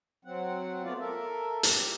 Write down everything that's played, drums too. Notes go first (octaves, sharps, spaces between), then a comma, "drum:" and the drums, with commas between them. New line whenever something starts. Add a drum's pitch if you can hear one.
F#3 C4 F#5
A3 B3 F4 D5 F5
A4 A#4 E5
G4, drum: hi-hat